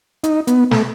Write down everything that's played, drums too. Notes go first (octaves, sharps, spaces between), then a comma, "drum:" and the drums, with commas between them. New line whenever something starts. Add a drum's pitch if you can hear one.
D#4, drum: hi-hat
B3, drum: hi-hat
A3, drum: snare